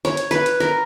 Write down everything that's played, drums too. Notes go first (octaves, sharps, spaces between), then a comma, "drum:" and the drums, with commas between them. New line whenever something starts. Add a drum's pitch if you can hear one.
C#5, drum: snare
drum: hi-hat
B4, drum: snare
drum: hi-hat
A#4, drum: snare